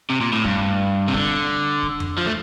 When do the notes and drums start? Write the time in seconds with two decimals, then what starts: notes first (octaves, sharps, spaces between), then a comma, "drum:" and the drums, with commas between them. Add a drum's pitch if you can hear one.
0.10 C3
0.21 A#2
0.32 A2
0.45 G2, drum: kick
1.08 C3
1.14 D3, drum: kick
1.83 drum: kick
2.00 drum: tom F2
2.18 F3
2.26 A3